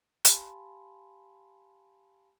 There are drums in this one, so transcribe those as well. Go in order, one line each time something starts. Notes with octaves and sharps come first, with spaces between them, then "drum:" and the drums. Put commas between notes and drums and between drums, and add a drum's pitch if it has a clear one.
G4 F5 G#5 A5 B5 C6, drum: hi-hat